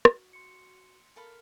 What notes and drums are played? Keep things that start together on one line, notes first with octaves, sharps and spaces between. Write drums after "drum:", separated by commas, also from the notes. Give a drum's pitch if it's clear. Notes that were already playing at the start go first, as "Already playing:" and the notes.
F#4, drum: rim click
C6 C#7
A4 A#4 F5 B5